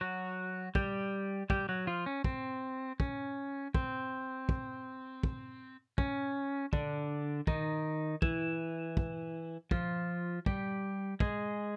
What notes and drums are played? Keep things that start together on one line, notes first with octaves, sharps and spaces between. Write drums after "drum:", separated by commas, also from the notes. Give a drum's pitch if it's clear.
F#3 F#4
G3 G4, drum: kick
G3 G4, drum: kick
F#3 F#4
F3 F4
C#4
C4, drum: kick
C#4, drum: kick
C4, drum: kick
drum: kick
drum: kick
C#4, drum: kick
D3 D4, drum: kick
D#3 D#4, drum: kick
E3 E4, drum: kick
drum: kick
F3 F4, drum: kick
G3 G4, drum: kick
G#3 G#4, drum: kick